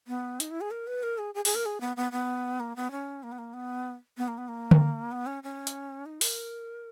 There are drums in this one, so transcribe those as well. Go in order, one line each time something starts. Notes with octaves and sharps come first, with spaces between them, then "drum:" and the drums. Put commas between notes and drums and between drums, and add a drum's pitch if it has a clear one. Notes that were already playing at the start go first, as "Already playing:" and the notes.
B3
D#4, drum: hi-hat
E4
G#4
A#4
B4
A#4
G#4
G#4
G#4, drum: open hi-hat
A#4
G#4
B3
B3
B3
A#3
B3
C#4
A#3
B3
A#3
B3
B3
A#3
B3
A#3
drum: tom D3
B3
C#4
C#4
drum: hi-hat
D#4
A#4, drum: open hi-hat